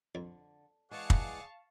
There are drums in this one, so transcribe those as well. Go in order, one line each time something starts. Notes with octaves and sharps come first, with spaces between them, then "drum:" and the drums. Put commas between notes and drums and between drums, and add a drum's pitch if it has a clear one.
F2 D3
E3 G#3 G#4 D5 F5 F#5 A5 C#6
drum: kick